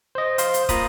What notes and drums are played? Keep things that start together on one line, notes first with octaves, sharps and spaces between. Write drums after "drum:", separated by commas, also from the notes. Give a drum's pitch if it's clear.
C5 D#5
C5 F5 C6, drum: hi-hat
drum: hi-hat
A#3 F4 F5 A#5 B5 D#6, drum: kick, hi-hat